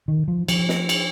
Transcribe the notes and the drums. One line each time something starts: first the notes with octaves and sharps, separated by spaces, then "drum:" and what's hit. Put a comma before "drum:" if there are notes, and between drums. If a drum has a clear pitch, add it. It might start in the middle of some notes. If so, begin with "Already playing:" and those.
D#3
F3
F3, drum: cymbal
drum: snare
drum: cymbal